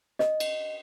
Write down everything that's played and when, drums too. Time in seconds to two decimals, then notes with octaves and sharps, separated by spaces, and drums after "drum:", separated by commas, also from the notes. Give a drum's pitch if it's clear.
0.19 D#5, drum: snare
0.40 drum: cymbal